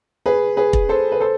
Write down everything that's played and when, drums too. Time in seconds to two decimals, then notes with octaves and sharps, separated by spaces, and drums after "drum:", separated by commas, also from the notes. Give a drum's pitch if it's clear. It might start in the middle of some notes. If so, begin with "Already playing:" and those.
0.26 G#4 B4
0.57 G#4 B4
0.73 drum: kick
0.89 A4 C5
1.12 B4
1.21 A4 C5